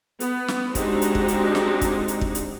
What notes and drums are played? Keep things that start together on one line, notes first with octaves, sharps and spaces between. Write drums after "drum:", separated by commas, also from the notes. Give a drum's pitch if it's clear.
B3, drum: hi-hat
drum: snare
G#3 C4 D4 D#4 F#4 G4, drum: kick, hi-hat
drum: hi-hat
drum: kick
drum: hi-hat
drum: snare
drum: kick, hi-hat
drum: hi-hat
drum: kick
drum: hi-hat